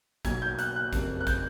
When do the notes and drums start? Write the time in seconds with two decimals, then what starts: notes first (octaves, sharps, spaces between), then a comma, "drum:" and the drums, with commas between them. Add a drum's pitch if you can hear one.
0.25 B1 B2 F#3 G#6, drum: kick, hi-hat
0.42 G6
0.59 F#6, drum: hi-hat
0.76 F#6
0.93 F#1 F2 C3, drum: kick, hi-hat
1.21 F#6
1.27 G6, drum: kick, hi-hat